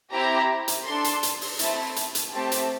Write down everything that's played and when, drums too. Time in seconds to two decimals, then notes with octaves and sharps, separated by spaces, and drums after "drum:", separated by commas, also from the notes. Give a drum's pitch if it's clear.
0.13 C4 E4 G4 A#5
0.68 drum: hi-hat
0.86 D4 A4 C6
1.04 drum: hi-hat
1.23 drum: hi-hat
1.41 drum: open hi-hat
1.59 A3 C4 E4 A5, drum: hi-hat
1.96 drum: hi-hat
2.15 drum: hi-hat
2.33 A3 C4 G4 A5
2.52 drum: hi-hat